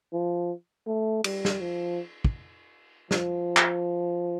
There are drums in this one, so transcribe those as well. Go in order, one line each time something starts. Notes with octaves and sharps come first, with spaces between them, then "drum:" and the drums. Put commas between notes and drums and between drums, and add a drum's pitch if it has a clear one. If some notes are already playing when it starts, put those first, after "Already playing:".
F3
A3
G3, drum: cymbal
drum: snare
F3
drum: kick
F3, drum: snare
drum: clap